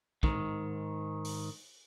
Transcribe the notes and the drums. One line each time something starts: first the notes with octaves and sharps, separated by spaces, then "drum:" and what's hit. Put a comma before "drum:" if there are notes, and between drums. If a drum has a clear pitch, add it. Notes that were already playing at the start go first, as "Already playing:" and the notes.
G#2 D#3, drum: kick A#1
drum: open hi-hat